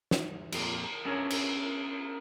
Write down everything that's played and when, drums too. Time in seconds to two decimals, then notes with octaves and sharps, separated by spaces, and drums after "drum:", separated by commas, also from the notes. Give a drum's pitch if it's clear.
0.11 drum: snare
0.52 F2 A#2, drum: cymbal
1.05 B3 C#4 D4 E4 A#4 C#5
1.30 drum: cymbal